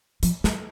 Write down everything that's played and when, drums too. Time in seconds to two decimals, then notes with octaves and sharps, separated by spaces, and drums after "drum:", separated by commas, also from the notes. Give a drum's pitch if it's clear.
0.23 F3, drum: hi-hat
0.44 G3, drum: snare